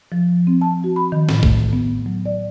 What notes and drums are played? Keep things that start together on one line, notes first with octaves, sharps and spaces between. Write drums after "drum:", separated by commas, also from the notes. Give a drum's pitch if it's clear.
F3
C4
A5
F#4
B5
D#3
A2, drum: snare
A3, drum: kick A1
B3
F#3
D5